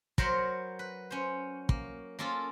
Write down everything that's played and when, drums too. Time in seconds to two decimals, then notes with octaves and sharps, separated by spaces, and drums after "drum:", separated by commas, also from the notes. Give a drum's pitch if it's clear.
0.18 F#3 A#4 C5 C#5 A#5 B5, drum: kick
0.79 B4
1.11 C#4 C5
1.69 A#3, drum: kick
2.19 A#3 C#4 F4 A4